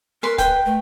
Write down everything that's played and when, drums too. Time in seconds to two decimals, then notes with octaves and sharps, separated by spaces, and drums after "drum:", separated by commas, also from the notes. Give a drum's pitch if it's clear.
0.23 A#4 B4 C6
0.38 B4 G5, drum: kick, hi-hat
0.65 A3